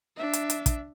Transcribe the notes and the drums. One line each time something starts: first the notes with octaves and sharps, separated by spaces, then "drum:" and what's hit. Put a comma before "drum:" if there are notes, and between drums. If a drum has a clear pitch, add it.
D4 E5
drum: hi-hat
drum: hi-hat
drum: kick, hi-hat